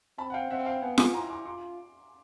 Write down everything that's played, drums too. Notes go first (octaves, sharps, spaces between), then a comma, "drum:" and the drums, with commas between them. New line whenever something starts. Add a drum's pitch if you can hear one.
C4 A5 B5
F#5
F5 G5
C4 E5 F#5
F5 G5
B3 F#5 G#5
F#5 G#5, drum: snare F4
E4 A#5 C6
C6 D6
F4 C6 D6